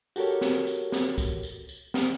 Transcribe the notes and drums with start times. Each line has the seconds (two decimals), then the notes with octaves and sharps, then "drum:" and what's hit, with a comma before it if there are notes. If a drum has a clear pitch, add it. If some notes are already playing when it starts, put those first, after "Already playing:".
0.16 F#4 G4 A4 A#4 C#5, drum: tambourine
0.41 drum: snare
0.67 drum: tambourine
0.92 drum: snare
1.18 drum: kick, tambourine
1.43 drum: tambourine
1.69 drum: tambourine
1.94 drum: snare